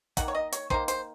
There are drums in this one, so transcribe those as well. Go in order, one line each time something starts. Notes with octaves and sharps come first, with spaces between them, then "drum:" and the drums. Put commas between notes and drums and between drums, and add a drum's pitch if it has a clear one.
D#3 A#3 F#5, drum: kick, hi-hat
C#5
D#5
C#5, drum: hi-hat
D#3 A#3 C5, drum: kick
C5, drum: hi-hat